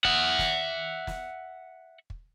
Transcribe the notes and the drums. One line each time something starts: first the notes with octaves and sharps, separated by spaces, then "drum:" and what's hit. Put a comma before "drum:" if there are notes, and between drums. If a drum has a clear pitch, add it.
E5 F#5, drum: kick
drum: snare
drum: snare
drum: kick